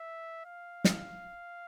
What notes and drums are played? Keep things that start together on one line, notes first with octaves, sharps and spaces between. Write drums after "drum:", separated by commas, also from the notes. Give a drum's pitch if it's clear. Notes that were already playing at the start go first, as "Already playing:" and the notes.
Already playing: E5
F5
drum: snare